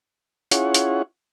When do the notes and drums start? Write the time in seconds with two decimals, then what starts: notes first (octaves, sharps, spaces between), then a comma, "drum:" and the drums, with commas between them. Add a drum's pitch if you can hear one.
0.52 C#4 E4 F4 G#4 C#5 F#5, drum: hi-hat
0.74 drum: hi-hat